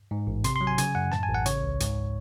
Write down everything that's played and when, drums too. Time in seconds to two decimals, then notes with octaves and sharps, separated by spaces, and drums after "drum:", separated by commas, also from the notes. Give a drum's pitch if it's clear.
0.11 G#2
0.27 A1
0.44 C3 C6, drum: hi-hat
0.56 C6
0.61 F#3
0.67 G#5
0.78 C#3 G#5, drum: hi-hat
0.95 F#2 F#5
1.11 A2 A5, drum: snare
1.23 G#5
1.29 A1
1.34 F#5
1.46 C#3 C#5, drum: hi-hat
1.63 C#2
1.80 G#2, drum: hi-hat